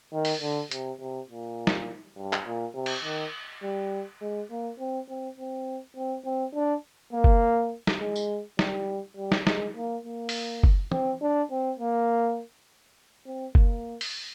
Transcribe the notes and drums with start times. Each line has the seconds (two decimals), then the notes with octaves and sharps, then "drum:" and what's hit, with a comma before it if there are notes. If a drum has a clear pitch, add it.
0.13 D#3
0.25 drum: open hi-hat
0.41 D3
0.71 C3, drum: hi-hat
1.00 C3
1.29 A#2
1.67 drum: snare
2.17 G2
2.33 drum: clap
2.46 A#2
2.75 C3
2.86 drum: cymbal
3.04 D#3
3.63 G3
4.21 G#3
4.50 A#3
4.79 C4
5.09 C4
5.38 C4
5.96 C4
6.25 C4
6.54 D4
7.13 A#3
7.24 drum: kick F#1
7.87 drum: snare
8.00 G#3
8.16 drum: tambourine
8.59 G3, drum: snare
9.17 G3
9.32 drum: snare
9.47 G#3, drum: snare
9.76 A#3
10.05 A#3
10.29 drum: open hi-hat
10.64 drum: kick F#1
10.92 C4, drum: tom
11.22 D4
11.51 C4
11.79 A#3
13.26 C4
13.55 A#3, drum: kick F#1
14.01 drum: open hi-hat